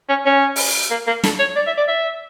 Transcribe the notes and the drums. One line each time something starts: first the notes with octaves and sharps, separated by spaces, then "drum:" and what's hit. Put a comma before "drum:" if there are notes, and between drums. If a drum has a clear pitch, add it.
C#4
C#4
drum: open hi-hat
A#3
A#3
A4, drum: snare
C#5
D5
E5
D5
E5